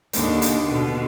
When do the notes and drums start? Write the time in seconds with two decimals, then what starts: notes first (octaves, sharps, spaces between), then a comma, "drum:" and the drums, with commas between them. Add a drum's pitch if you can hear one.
0.13 D#2 D3, drum: hi-hat
0.42 drum: hi-hat
0.67 B2 D3